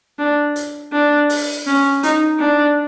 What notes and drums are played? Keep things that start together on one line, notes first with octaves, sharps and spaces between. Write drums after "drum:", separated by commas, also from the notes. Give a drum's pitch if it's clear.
D4
drum: hi-hat
D4
drum: open hi-hat
C#4
D#4, drum: hi-hat
D4